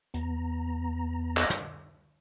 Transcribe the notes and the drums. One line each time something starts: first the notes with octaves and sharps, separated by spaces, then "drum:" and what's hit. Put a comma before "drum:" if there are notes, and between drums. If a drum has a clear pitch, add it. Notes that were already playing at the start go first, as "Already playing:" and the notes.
E2 B3 A#5, drum: hi-hat
drum: clap
drum: snare